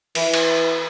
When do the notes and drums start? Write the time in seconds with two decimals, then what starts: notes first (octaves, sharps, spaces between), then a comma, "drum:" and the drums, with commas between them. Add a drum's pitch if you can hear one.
0.15 E3, drum: open hi-hat
0.33 drum: cymbal